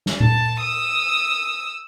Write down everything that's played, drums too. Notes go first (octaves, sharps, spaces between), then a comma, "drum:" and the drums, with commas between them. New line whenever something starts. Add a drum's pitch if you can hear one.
drum: snare
A5, drum: tom A#2
D#6 E6